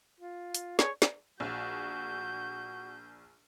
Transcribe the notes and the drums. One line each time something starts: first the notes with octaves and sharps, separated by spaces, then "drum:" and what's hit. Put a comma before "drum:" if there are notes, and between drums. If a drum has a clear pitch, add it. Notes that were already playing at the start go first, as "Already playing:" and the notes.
F4
drum: hi-hat
G#4 C#5, drum: snare
drum: snare
A#1 F#4 G6